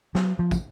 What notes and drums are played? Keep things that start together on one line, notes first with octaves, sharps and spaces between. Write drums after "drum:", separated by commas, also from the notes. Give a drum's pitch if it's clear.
F#3, drum: snare
F3
drum: kick, tambourine